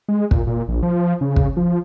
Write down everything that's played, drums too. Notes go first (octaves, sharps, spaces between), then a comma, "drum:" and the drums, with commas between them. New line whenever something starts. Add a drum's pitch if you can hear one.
G#3
A#2, drum: kick
A#2
A#1
F3
C#3
drum: kick
F3